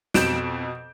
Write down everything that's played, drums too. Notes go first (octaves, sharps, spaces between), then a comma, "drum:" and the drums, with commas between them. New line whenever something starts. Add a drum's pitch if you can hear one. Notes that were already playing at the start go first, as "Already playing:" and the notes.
F2 B2 G6 D7 E7, drum: snare